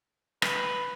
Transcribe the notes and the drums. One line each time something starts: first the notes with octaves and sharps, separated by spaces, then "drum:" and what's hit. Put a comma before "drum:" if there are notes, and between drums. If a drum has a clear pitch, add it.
B4, drum: rim click